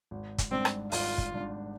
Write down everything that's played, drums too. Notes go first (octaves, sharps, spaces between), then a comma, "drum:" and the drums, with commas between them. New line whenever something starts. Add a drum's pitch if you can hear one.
G#1
drum: kick, hi-hat
G#2 G3 C4 D4
drum: rim click
G#1 F4, drum: open hi-hat
drum: kick
G#2 G3 D4